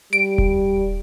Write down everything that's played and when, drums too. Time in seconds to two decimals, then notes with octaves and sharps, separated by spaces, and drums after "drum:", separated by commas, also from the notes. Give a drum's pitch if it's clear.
0.13 G3 D7
0.38 drum: kick D#1